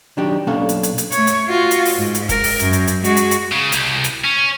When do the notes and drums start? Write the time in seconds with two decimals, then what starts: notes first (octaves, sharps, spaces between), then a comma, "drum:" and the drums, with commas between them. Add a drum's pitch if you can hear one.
0.17 D#3 F#3 D4 D#4 G4
0.47 B1 A#3 C#4 D4 A4 F5
0.69 drum: hi-hat
0.83 drum: hi-hat
0.98 drum: hi-hat
1.12 A3 C#5, drum: hi-hat
1.27 drum: hi-hat
1.48 F4 F#4
1.71 drum: hi-hat
1.85 drum: open hi-hat
1.97 G#2
2.14 drum: hi-hat
2.29 A#4, drum: kick, hi-hat
2.44 drum: open hi-hat
2.59 F#2, drum: hi-hat
2.73 drum: hi-hat
2.87 drum: hi-hat
3.04 G#3 F#4, drum: hi-hat
3.17 drum: hi-hat
3.31 drum: hi-hat
3.52 C#3
3.72 C2, drum: hi-hat
4.04 drum: hi-hat
4.24 C#4